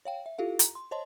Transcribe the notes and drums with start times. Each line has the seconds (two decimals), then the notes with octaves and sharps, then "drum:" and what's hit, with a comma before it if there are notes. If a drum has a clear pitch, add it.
0.05 C#5 F5 G5
0.26 E5
0.38 E4 F4 G4 A4 F5
0.59 A#5, drum: hi-hat
0.75 C6
0.91 C5 C#5 D#5 A5 C6